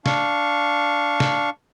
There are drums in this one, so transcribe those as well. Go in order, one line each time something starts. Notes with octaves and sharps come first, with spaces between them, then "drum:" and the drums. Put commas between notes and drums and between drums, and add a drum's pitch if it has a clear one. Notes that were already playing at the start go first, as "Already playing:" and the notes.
D4 F5 C#6, drum: snare
drum: snare